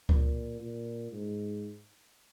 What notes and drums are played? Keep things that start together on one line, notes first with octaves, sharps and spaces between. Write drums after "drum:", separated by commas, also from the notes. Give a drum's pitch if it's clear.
A#2, drum: kick C#2
A#2
G#2